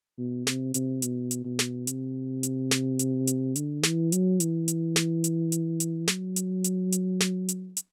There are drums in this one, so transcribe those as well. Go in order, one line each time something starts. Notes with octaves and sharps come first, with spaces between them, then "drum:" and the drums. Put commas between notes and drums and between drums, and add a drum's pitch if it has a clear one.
B2
C3, drum: snare
C3, drum: hi-hat
B2, drum: hi-hat
drum: hi-hat
B2
drum: snare
C3, drum: hi-hat
drum: hi-hat
drum: snare
drum: hi-hat
drum: hi-hat
D3, drum: hi-hat
E3, drum: snare
F#3, drum: hi-hat
E3, drum: hi-hat
drum: hi-hat
drum: snare
drum: hi-hat
drum: hi-hat
drum: hi-hat
F#3, drum: snare
drum: hi-hat
drum: hi-hat
drum: hi-hat
drum: snare
drum: hi-hat
drum: hi-hat